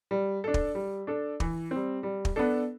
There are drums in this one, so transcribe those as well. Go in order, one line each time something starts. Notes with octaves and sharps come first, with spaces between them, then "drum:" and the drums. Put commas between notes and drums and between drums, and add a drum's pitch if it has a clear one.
G3
D4 A4
drum: kick
G3
D4 A4
E3, drum: kick
G3 C4
G3
drum: kick
B3 D4 A4